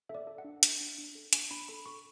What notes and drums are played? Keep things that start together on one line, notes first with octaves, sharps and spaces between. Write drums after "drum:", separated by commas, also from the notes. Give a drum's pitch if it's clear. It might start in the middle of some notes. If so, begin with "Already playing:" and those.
A4 E5
D5
A4
F#5
D4
D4, drum: hi-hat
D4
D4
A4
D4 G#5, drum: hi-hat
D4 B5
A4 B5
A4 C#6